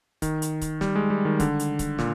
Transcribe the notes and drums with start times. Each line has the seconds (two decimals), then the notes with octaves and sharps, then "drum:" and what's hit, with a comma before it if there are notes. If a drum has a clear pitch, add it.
0.22 D#3, drum: kick C#1, hi-hat
0.42 drum: hi-hat
0.61 drum: kick C#1, hi-hat
0.81 G3, drum: snare
0.95 G#3
1.10 G3
1.25 D#3
1.40 D3, drum: kick C#1, hi-hat
1.59 drum: hi-hat
1.79 drum: kick C#1, hi-hat
1.99 A#2, drum: snare